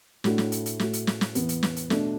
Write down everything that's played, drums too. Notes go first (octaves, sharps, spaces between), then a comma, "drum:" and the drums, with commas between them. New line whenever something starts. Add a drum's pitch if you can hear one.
A2 A3 D4 F#4, drum: snare
drum: snare
drum: hi-hat
drum: hi-hat
A2 A3 F#4, drum: snare
drum: hi-hat
drum: snare
drum: snare
E2 E3 B3, drum: hi-hat
drum: hi-hat
drum: snare
drum: hi-hat
B2 A3 D4, drum: snare